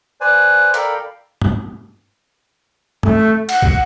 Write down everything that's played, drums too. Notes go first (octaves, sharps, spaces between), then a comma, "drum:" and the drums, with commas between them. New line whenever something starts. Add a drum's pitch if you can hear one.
B4 C5 D5 G#5
A4 A#4 D5 F5 G5 B5, drum: hi-hat
drum: tom
A3, drum: tom
F#5, drum: cymbal
drum: kick